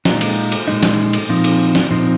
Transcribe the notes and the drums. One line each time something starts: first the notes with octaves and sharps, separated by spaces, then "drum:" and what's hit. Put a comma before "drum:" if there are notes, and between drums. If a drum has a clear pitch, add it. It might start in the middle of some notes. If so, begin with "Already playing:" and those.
A#2 G#3 D#4, drum: snare
drum: cymbal
drum: cymbal
A#2 G#3 D#4
drum: snare
drum: cymbal
A#2 F3 C4 D#4
drum: cymbal
drum: snare
A#2 F3 C4 D#4